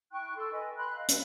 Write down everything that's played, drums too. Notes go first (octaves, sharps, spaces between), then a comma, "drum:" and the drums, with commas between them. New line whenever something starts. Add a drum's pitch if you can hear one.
E4 G5 C#6 F#6
A4 C6 E6
B4 D#5 G#5
B5 C6 F#6
D#5 F5
B4 F5, drum: hi-hat